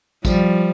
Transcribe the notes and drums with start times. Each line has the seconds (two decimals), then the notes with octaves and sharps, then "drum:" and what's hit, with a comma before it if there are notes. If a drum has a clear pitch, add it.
0.25 F3 G3, drum: kick A1, tambourine